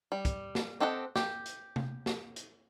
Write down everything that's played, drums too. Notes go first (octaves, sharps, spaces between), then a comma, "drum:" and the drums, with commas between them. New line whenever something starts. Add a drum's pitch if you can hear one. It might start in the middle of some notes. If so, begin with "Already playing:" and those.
G3
drum: kick, hi-hat
drum: snare
C4 G4 A4 D#5 F#5
G4, drum: snare
drum: hi-hat
drum: tom C3
drum: snare
drum: hi-hat